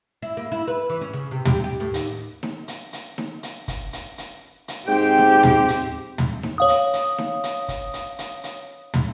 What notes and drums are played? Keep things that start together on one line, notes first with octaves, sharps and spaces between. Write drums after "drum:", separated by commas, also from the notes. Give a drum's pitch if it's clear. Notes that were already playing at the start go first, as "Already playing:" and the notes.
E4
A#3
E4
B4
E3
C#4
C#3
C3
G4, drum: tom
G4
A2
D#2, drum: hi-hat
drum: snare D#4
drum: hi-hat
drum: hi-hat
drum: snare D#4
drum: hi-hat
drum: kick, hi-hat
drum: hi-hat
drum: hi-hat
drum: hi-hat
G#2 C4 G4 G5
drum: snare D#4
drum: tom
drum: hi-hat
drum: tom
drum: snare D#4
C#5 F5 D#6
drum: hi-hat
drum: hi-hat
drum: snare D#4
drum: hi-hat
drum: kick, hi-hat
drum: hi-hat
drum: hi-hat
drum: hi-hat
drum: tom